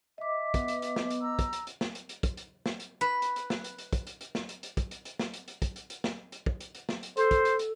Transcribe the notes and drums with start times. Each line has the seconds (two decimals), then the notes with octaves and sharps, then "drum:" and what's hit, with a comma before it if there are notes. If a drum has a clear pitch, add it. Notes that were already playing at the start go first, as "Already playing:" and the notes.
0.18 D#5 E5 D6
0.54 B3, drum: kick, hi-hat
0.68 drum: hi-hat
0.82 drum: hi-hat
0.96 drum: snare
1.10 drum: hi-hat
1.21 A#5 E6
1.39 drum: kick, hi-hat
1.53 drum: hi-hat
1.67 drum: hi-hat
1.81 drum: snare
1.95 drum: hi-hat
2.09 drum: hi-hat
2.23 drum: kick, hi-hat
2.37 drum: hi-hat
2.66 drum: snare
2.80 drum: hi-hat
3.01 B4
3.22 drum: hi-hat
3.36 drum: hi-hat
3.50 drum: snare
3.64 drum: hi-hat
3.78 drum: hi-hat
3.93 drum: kick, hi-hat
4.07 drum: hi-hat
4.21 drum: hi-hat
4.35 drum: snare
4.49 drum: hi-hat
4.63 drum: hi-hat
4.77 drum: kick, hi-hat
4.91 drum: hi-hat
5.05 drum: hi-hat
5.19 drum: snare
5.34 drum: hi-hat
5.48 drum: hi-hat
5.62 drum: kick, hi-hat
5.76 drum: hi-hat
5.90 drum: hi-hat
6.04 drum: snare
6.32 drum: hi-hat
6.46 drum: kick
6.61 drum: hi-hat
6.75 drum: hi-hat
6.89 drum: snare
7.03 drum: hi-hat
7.17 A4 C5, drum: hi-hat
7.31 drum: kick, hi-hat
7.45 drum: hi-hat
7.59 drum: hi-hat